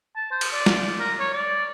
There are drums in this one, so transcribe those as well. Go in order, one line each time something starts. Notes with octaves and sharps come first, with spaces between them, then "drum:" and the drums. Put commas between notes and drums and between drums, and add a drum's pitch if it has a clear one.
A5
C5
drum: cymbal
D5
drum: snare
A#4
C#5
D5